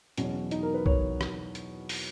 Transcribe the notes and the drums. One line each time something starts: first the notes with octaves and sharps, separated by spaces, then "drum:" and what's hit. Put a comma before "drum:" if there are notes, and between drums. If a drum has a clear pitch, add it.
E2 B2 F#3 C#4, drum: hi-hat
D#4, drum: hi-hat
A#4
B4
C#5, drum: kick B1
drum: rim click
drum: hi-hat
drum: open hi-hat